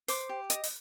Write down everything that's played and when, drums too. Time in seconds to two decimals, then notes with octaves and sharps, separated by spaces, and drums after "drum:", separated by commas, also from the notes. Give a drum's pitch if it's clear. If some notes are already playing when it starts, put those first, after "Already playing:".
0.08 C5 D6, drum: open hi-hat
0.29 G4
0.50 D#5, drum: hi-hat
0.64 drum: open hi-hat